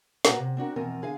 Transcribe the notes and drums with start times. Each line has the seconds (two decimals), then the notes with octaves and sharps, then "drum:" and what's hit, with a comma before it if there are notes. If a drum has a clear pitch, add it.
0.25 A#2 F#4 B4 D5 F#5 A#5, drum: snare
0.40 C3
0.57 C4 D4 F#4 A#4
0.76 F2 B2 E3 C4 A#4 G#5
1.02 D3 G#4 F5 G#5